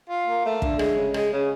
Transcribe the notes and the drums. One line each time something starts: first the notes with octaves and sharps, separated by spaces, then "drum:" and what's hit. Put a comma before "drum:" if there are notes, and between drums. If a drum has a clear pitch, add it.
F4
A#3
A3
D3, drum: kick
G#3, drum: rim click
C#3
G#3, drum: rim click
C#3